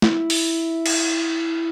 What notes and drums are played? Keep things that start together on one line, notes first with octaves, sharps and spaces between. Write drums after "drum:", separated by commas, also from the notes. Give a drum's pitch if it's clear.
E4, drum: snare
drum: open hi-hat
drum: cymbal